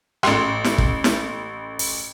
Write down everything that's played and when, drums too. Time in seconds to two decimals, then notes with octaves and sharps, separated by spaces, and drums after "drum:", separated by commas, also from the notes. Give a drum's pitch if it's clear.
0.23 A1 C6, drum: rim click
0.64 drum: snare
0.78 drum: kick
1.04 drum: snare
1.79 drum: open hi-hat